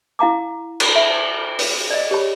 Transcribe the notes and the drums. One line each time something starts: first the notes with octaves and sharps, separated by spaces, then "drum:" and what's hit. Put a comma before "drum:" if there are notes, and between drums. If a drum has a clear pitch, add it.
E4 F5 A#5 D6
drum: cymbal
E5
drum: open hi-hat
D5 D#5
G4 C#5 B5